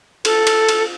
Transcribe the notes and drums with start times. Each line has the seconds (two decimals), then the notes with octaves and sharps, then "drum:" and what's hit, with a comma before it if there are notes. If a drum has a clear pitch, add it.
0.25 A4, drum: cymbal
0.47 drum: cymbal
0.69 drum: cymbal